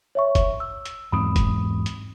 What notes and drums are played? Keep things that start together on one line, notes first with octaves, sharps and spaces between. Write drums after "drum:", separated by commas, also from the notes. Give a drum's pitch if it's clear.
C#5 E5 C#6
drum: kick, hi-hat
E6
drum: hi-hat
E2 G#2 C4 B5 D#6
drum: kick, hi-hat
drum: hi-hat